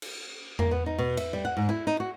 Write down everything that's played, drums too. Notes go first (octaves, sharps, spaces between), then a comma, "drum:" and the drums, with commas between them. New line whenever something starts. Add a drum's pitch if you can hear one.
drum: cymbal
A#3, drum: tom E2
B3
D#4
B2
E5, drum: cymbal
G3
F#5
G#2
E4
D#4
F#4